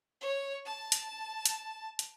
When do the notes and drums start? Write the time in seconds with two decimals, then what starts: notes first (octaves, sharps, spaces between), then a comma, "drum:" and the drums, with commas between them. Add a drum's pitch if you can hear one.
0.21 C#5
0.65 A5
0.92 drum: hi-hat
1.45 drum: hi-hat
1.99 drum: hi-hat